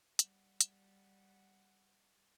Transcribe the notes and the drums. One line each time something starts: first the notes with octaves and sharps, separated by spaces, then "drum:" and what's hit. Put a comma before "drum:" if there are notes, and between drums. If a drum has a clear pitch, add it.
G3 F#5, drum: hi-hat
drum: hi-hat